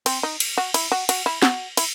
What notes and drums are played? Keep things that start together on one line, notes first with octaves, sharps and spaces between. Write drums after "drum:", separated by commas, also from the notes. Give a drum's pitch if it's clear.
C4, drum: cymbal
D#4
drum: cymbal
F#4
E4, drum: cymbal
F#4
F#4, drum: cymbal
E4
F#4, drum: snare
E4, drum: cymbal